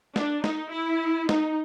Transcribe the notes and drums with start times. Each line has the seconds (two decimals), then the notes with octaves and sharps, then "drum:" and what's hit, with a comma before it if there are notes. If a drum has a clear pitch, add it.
0.16 D4, drum: snare
0.44 D#4, drum: snare
0.72 E4
1.29 D#4, drum: snare